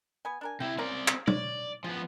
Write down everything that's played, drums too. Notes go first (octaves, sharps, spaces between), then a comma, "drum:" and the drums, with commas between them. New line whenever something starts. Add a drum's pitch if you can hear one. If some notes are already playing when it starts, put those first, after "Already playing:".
B3 G#5
D4 A#4 G#5
C3 E4 G5
A#3 C4 C#4 A#4 D5
drum: clap
C#5 D5, drum: tom B2
F3 B3 G#4